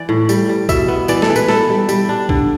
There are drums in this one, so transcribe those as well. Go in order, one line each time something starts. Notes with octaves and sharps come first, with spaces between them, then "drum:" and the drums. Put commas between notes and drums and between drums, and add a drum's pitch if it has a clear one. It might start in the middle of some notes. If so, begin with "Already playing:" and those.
Already playing: E3 D5
A2
G3, drum: tambourine
G3
B2 E5, drum: kick B1, tambourine
B3
E3 D5, drum: tambourine
A4, drum: snare
E3
B4, drum: tambourine
E4 A4, drum: snare
G3
G3, drum: tambourine
D4
D3, drum: kick B1